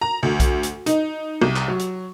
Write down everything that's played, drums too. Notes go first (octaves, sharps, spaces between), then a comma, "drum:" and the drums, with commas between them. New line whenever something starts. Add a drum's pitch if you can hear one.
A#5
D2
drum: kick B1, hi-hat
drum: hi-hat
D#4, drum: hi-hat
C2
drum: clap
F#3
drum: hi-hat